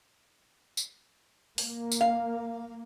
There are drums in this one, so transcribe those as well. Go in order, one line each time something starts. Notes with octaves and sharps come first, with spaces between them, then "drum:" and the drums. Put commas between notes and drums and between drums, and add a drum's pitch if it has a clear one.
drum: tambourine
A#3, drum: open hi-hat
drum: tambourine
F5